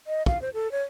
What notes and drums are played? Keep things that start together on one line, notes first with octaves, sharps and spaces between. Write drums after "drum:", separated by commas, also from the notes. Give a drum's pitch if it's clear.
D#5
F5, drum: kick
C5
A4
C#5